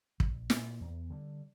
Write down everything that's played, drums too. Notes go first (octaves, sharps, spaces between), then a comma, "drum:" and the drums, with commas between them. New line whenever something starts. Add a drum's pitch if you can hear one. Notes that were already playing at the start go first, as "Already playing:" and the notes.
A#1, drum: kick
A#2 A#3, drum: snare
E2
D3 G3